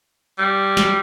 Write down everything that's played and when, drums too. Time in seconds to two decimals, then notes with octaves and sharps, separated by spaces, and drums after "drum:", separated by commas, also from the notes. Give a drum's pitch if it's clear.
0.38 G3
0.77 drum: snare